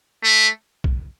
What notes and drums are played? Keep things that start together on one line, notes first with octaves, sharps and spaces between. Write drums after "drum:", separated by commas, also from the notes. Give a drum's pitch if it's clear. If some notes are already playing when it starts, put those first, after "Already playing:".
A3
drum: kick B1